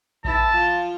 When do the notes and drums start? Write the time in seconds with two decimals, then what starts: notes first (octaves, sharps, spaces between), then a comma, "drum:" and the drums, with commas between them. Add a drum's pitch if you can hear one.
0.25 E3 E4 A5, drum: kick A#1
0.54 F3 F4